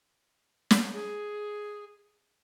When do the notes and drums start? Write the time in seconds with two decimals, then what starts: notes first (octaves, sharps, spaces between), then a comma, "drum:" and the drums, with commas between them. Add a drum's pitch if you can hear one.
0.71 drum: snare
0.94 G#4